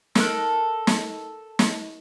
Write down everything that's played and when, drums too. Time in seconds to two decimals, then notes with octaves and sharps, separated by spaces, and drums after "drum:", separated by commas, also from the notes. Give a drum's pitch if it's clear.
0.15 A4 A#4 F#6, drum: snare
0.87 drum: snare
1.59 drum: snare